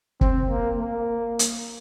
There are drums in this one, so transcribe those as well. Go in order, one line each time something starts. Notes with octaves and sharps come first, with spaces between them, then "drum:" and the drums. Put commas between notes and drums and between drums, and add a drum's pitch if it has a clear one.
C4, drum: kick
A#3
A#3
drum: hi-hat